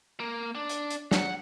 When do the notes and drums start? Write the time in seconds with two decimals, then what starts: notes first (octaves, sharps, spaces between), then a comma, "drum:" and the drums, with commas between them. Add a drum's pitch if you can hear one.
0.20 A#3
0.55 D4
0.69 drum: hi-hat
0.90 drum: hi-hat
1.11 F#5, drum: snare